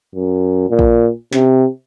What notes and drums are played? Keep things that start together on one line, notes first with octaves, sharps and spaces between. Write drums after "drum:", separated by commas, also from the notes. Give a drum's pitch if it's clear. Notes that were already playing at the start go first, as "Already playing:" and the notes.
F#2
A#2
drum: kick
C3, drum: snare